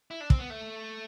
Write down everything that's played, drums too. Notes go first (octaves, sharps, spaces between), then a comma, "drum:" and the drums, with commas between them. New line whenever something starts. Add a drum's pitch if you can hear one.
E4
D4
C4, drum: kick
B3
A3